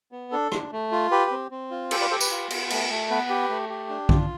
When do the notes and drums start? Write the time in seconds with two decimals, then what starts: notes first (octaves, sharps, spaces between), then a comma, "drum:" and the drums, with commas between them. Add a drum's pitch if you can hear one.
0.12 B3
0.32 D4 A4
0.52 D4, drum: rim click
0.72 A3
0.92 F4
1.11 G4 B4
1.31 C4
1.51 C4
1.71 F4
1.91 G4 A4 C5, drum: cymbal
2.01 B4 D5
2.10 G4 A4 C5
2.20 B4, drum: tambourine
2.31 F4
2.50 B3, drum: cymbal
2.70 A3, drum: cymbal
2.90 A3
3.10 B3 B4
3.29 G4
3.49 A3
3.69 G4
3.89 D4
4.09 F4, drum: kick B1